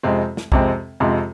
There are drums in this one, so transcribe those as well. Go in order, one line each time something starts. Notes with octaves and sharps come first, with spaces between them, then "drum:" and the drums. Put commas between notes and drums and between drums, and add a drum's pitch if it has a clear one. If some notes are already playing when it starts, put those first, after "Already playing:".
F2 C3 G#3 C4
drum: snare
F2 C3 G#3 C4, drum: kick B1
F2 C3 G#3 C4